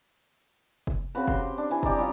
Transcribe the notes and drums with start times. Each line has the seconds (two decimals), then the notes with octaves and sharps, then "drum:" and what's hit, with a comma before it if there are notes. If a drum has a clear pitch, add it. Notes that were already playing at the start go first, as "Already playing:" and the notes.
0.87 drum: kick
1.15 C#3 C4 F#4 B4
1.28 G4 C6, drum: kick
1.58 D4
1.71 E3 G#5
1.83 G4 D5 D#5 A#5, drum: kick
1.97 G3 C#4 F4